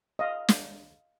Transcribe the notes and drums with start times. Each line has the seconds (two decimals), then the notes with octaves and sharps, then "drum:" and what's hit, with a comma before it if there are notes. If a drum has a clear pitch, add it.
0.19 D#5 F5
0.49 drum: snare